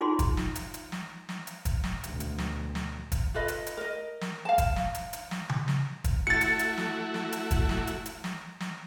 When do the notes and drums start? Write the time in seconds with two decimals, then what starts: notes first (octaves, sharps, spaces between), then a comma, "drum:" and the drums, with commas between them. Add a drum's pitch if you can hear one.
0.01 D#4 F4 F#4 G#4 A#5 C6
0.19 drum: kick, hi-hat
0.37 drum: snare
0.55 drum: hi-hat
0.74 drum: hi-hat
0.92 drum: snare
1.29 drum: snare
1.47 drum: hi-hat
1.65 drum: kick, hi-hat
1.84 drum: snare
2.04 D2 B2, drum: hi-hat
2.20 drum: hi-hat
2.38 drum: snare
2.75 drum: snare
3.12 drum: kick, hi-hat
3.34 F4 A4 B4 D#5
3.48 drum: hi-hat
3.67 drum: hi-hat
3.77 A#4 D#5
4.21 drum: snare
4.45 F5 A5
4.58 drum: kick, hi-hat
4.76 drum: snare
4.95 drum: hi-hat
5.13 drum: hi-hat
5.31 drum: snare
5.49 drum: tom C#3
5.68 drum: snare
6.04 drum: kick, hi-hat
6.27 A3 E4 F#4 A6 C#7
6.41 drum: hi-hat
6.59 drum: hi-hat
6.78 drum: snare
7.14 drum: snare
7.32 drum: hi-hat
7.51 drum: kick, hi-hat
7.69 drum: snare
7.87 drum: hi-hat
8.06 drum: hi-hat
8.24 drum: snare
8.60 drum: snare